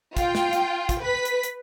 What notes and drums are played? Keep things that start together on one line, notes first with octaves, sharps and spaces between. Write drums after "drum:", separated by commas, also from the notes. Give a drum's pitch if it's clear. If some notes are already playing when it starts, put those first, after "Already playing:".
F4 G5, drum: kick, hi-hat
drum: snare
drum: hi-hat
drum: kick, hi-hat
B4 B6
drum: hi-hat
drum: hi-hat